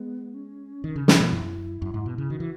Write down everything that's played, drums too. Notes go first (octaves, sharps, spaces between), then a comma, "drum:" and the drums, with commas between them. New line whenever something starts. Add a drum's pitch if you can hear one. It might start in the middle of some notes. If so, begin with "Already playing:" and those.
Already playing: G#3 B3
C#4
D#3
C#3
drum: snare
B2
F#2 E4
F#2
G#2
B2
C#3
D#3 F#4
E3